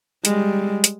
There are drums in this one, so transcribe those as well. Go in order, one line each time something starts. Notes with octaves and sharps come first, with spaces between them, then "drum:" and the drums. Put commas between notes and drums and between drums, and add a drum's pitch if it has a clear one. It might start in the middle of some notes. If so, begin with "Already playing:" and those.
G3 G#3, drum: hi-hat
drum: hi-hat